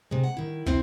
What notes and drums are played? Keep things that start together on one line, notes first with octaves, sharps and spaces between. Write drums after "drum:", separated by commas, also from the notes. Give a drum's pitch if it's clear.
C3 G#3
F#5
D#3 E4
C3 C4 E4, drum: kick